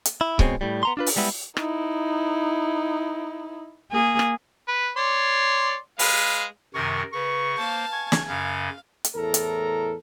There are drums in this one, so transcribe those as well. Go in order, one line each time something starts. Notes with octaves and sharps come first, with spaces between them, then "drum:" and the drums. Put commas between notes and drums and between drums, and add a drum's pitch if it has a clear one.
drum: hi-hat
E4
B2 G#3 C4 C#4, drum: kick C#1
A2 G3
B3 A#5 C6
D4 F4 B4
drum: open hi-hat
G3 G#3 B3 E4
D#4 E4, drum: rim click
A#3 G#4
drum: rim click
B4
C#5 D5 C6
G#3 B4 F5, drum: open hi-hat
F#2 C3 D#3 A#4 C#6
C#3 B4 C#6 A#6
A#3 C5 F5 A5
G#5 C#6 G#6
drum: snare
F#2 C#3 F5
drum: hi-hat
E2 A2 A4 A#4 A#5
drum: hi-hat